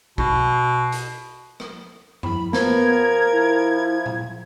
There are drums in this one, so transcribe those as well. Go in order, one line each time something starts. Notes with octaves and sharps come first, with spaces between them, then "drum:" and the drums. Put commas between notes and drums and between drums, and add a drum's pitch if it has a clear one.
B2, drum: kick
drum: hi-hat
drum: rim click
E4 B5, drum: tom F#2
F3 B3 A#4 G#6, drum: snare
E4
drum: tom A#2